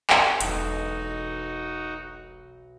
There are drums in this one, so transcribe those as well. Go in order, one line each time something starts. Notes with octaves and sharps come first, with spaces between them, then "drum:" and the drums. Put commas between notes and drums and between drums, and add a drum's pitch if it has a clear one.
drum: clap
E1 B1 D#4 F#4 A4 D#5, drum: hi-hat